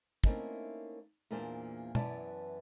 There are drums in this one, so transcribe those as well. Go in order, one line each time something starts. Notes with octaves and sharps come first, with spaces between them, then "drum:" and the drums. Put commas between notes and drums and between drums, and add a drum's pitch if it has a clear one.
A3 A#3 C4 C#4 D#4 E4, drum: kick
E2 A#2 A#3 D4 C5 F5
F#2 E3 B3 E4 D5 A5, drum: tom